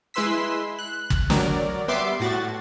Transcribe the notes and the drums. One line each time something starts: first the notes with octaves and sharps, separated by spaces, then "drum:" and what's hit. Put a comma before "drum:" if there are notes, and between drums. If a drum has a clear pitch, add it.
G#3 E4 B4 C6 E6 B6
F#6
drum: kick
F#3 A#4 D5, drum: snare
G3 B3 E5 C6 D6 C7
A2 F#4 A6